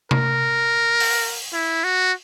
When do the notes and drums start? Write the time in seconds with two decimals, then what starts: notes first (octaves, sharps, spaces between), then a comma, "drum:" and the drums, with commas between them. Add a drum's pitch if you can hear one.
0.11 A#4, drum: tom C3
1.00 drum: open hi-hat
1.53 E4
1.84 F#4